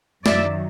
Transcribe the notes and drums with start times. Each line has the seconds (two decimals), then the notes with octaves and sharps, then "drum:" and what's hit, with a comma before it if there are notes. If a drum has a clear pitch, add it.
0.26 F#2 D#3 F#3 D5 E5, drum: snare A3